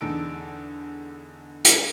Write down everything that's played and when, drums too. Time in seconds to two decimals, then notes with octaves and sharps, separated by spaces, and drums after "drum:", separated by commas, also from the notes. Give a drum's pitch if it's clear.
0.01 E2 D3 D#4 A4 E6 D7
1.65 drum: hi-hat